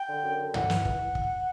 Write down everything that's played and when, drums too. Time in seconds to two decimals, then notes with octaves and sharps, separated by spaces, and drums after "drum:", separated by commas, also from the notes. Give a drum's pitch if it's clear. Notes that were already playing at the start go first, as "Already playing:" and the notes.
Already playing: G5
0.08 D3
0.23 F#2
0.39 D3
0.54 E3 F#5, drum: tom
0.70 E3, drum: snare
0.85 E3, drum: kick
1.15 drum: kick